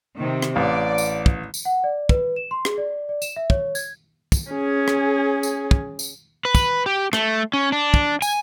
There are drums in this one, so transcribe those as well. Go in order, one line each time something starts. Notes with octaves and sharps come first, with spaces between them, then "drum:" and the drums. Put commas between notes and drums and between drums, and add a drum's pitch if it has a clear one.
C3 D#3
drum: rim click
A1 D5 F5
drum: tambourine
drum: kick
drum: tambourine
F#5
D5
B4, drum: kick
E7
C6
G#4, drum: rim click
D5
D5
E7, drum: tambourine
E5
C#5, drum: kick
G#6, drum: tambourine
drum: kick, tambourine
C#4 G#4
drum: rim click
drum: tambourine
drum: kick
drum: tambourine
B4
drum: kick, tambourine
G4
A3, drum: rim click
C#4
D4
drum: kick
G#5, drum: tambourine